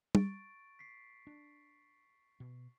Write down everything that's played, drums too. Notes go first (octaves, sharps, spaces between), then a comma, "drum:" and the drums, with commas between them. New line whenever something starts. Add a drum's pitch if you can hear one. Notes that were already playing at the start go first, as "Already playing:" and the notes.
C#6 A6 D7, drum: tom
B6 C7
D4
B2